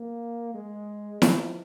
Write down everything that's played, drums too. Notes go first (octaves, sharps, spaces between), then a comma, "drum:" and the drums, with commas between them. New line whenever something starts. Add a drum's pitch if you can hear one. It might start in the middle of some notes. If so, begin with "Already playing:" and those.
Already playing: A#3
G#3
F3, drum: snare E4